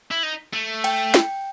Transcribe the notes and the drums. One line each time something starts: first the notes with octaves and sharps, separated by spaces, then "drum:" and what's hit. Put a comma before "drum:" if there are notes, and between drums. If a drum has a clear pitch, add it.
E4
D#4
A3
G5, drum: cymbal
drum: snare